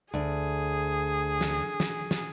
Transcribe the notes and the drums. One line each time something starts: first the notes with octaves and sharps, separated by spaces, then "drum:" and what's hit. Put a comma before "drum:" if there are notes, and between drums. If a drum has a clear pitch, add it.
D2 G#4
drum: snare
drum: snare
drum: snare